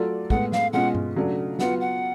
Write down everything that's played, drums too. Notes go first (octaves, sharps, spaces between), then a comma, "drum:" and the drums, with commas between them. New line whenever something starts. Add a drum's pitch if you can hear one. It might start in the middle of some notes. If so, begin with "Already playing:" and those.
Already playing: F#3 A3 F4 A4 D5
A2 G#3 B3 F#5, drum: kick
F5, drum: snare
B2 G#3 C#4 F4 F#5
drum: tom G2
C#3 F#3 A3 D4
F#3 B3 F4 F#5, drum: snare
F#5